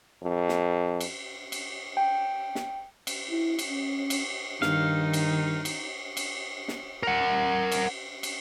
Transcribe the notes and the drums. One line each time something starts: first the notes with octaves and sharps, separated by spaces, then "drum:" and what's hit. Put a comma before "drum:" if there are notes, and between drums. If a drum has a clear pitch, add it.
F2
drum: snare
drum: cymbal
drum: cymbal
G5
drum: snare
drum: cymbal
E4
drum: cymbal
C#4
drum: cymbal
G2 D#3 D#4 F5, drum: snare
drum: cymbal
drum: cymbal
drum: cymbal
drum: snare
A#4 F#5
drum: cymbal
drum: cymbal